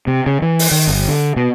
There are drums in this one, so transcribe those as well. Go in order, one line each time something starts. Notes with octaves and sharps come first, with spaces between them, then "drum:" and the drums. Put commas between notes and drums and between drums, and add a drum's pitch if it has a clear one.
C3
C#3
E3
drum: open hi-hat
D#3
G1
D3
B2